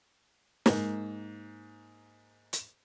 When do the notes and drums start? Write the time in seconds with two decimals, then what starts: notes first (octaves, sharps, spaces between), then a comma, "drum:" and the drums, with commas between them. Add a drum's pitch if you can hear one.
0.66 G#2 A#3, drum: snare
2.53 drum: hi-hat